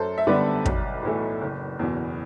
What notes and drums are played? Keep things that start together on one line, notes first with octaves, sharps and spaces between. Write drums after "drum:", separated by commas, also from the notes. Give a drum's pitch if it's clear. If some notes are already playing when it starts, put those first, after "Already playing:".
Already playing: F#2 A4 C5
E5
D3 G3 B3 B4 D5
B1, drum: kick
A2 E3 A3
F#1
E2 B2